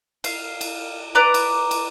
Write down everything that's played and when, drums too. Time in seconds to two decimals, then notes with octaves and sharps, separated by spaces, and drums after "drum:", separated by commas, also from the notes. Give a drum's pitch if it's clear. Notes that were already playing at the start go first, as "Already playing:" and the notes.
0.24 F5, drum: cymbal
0.61 drum: cymbal
1.15 B4 D5 A#5 D6
1.34 drum: cymbal
1.71 drum: cymbal